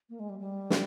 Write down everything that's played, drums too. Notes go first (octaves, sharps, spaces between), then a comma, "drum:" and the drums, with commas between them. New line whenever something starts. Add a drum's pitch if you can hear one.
A#3
G#3
G3
G3
drum: snare